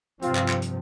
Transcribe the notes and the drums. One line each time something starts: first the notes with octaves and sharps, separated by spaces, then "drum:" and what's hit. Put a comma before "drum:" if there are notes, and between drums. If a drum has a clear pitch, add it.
G2 C3 F3 C4 F4, drum: hi-hat
drum: clap
drum: clap
drum: hi-hat